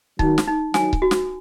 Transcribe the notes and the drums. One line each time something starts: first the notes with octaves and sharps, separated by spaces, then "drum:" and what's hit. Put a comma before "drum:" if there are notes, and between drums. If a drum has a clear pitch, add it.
D#3 F#3 D#4, drum: kick C#1
drum: snare
D#4
D#3 F#3 G#5, drum: snare
drum: kick C#1
F#4
drum: snare